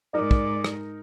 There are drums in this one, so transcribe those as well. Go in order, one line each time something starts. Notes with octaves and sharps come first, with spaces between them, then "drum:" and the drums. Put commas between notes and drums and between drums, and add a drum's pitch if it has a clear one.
G#2 D#4 A#4 D5
drum: kick
drum: rim click